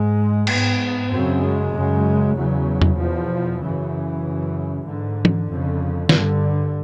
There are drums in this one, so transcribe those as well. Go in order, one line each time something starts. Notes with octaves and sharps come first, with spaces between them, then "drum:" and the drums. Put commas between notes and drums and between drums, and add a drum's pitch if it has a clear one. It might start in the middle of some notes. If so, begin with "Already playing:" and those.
Already playing: G#2 G#3
G#2 B3, drum: cymbal
F#2 C#3 C4
G#3
F#2 C#3
E2 C#3 F#3
drum: tom E2
E2 B2 F3
F#2 C#3 E3
F#2 C#3
G#2 D3
drum: tom E3
F2 C#3
G2 D3, drum: snare